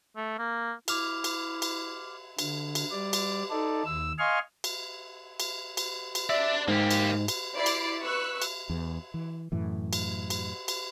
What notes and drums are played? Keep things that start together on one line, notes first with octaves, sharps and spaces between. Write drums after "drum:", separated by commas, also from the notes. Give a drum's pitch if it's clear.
A3
A#3
E4 D6 F6 F7, drum: cymbal
drum: cymbal
drum: cymbal
D3, drum: cymbal
drum: cymbal
G3 D5
drum: cymbal
D#4 A4 D5
D#2 E6
D#5 F5 G#5 C6 C#6 F6
drum: cymbal
drum: cymbal
drum: cymbal
drum: cymbal
D4 D5 E5
G#2 A#3 G4
drum: cymbal
drum: cymbal
E4 D5 B5 C7
drum: cymbal
B4 C#6 E6 F#6
drum: cymbal
E2
E3
F#2 A2 E3
drum: cymbal
drum: cymbal
drum: cymbal